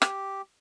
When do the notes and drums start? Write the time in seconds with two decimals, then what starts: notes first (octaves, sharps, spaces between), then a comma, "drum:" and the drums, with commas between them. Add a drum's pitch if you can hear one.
0.02 G4, drum: rim click